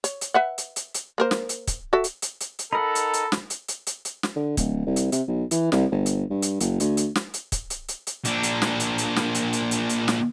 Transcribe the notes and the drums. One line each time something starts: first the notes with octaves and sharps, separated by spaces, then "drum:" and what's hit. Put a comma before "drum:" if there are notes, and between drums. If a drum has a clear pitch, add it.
C#5, drum: hi-hat
drum: hi-hat
B4 E5 F#5
drum: hi-hat
drum: hi-hat
drum: hi-hat
A#3 A#4 C5
drum: snare
drum: hi-hat
drum: kick, hi-hat
F#4 A4 E5
drum: hi-hat
drum: hi-hat
drum: hi-hat
drum: hi-hat
D#4 A4 A#4 F#5 B5
drum: hi-hat
drum: hi-hat
drum: snare
drum: hi-hat
drum: hi-hat
drum: hi-hat
drum: hi-hat
drum: snare
D3
D1, drum: kick, hi-hat
C2
drum: hi-hat
C3, drum: hi-hat
B1
E3, drum: hi-hat
C2, drum: snare
G1
drum: hi-hat
G2
drum: hi-hat
F#1, drum: hi-hat
D2, drum: hi-hat
drum: hi-hat
drum: snare
drum: hi-hat
drum: kick, hi-hat
drum: hi-hat
drum: hi-hat
drum: hi-hat
A#2 D4, drum: hi-hat
drum: hi-hat
drum: snare
drum: hi-hat
drum: hi-hat
drum: snare
drum: hi-hat
drum: hi-hat
drum: hi-hat
drum: hi-hat
drum: snare